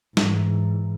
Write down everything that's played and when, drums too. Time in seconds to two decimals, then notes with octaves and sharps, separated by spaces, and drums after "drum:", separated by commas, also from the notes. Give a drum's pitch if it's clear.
0.17 G#2 E3, drum: snare